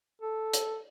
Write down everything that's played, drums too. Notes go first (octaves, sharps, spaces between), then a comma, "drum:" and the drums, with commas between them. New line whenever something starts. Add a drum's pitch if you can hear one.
A4
drum: hi-hat